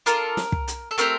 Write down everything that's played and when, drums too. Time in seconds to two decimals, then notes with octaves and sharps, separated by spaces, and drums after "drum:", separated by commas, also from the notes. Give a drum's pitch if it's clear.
0.06 D4 F4 A4 A#4, drum: hi-hat
0.37 drum: snare
0.52 drum: kick
0.68 drum: hi-hat
0.91 A4
0.98 A3 C4 G4 A#4, drum: hi-hat